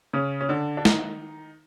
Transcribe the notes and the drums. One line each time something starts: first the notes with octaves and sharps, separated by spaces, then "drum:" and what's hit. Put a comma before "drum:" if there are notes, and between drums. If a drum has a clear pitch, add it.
C#3 C#4
C#4
D3 D4
D4
D#3 D#4, drum: snare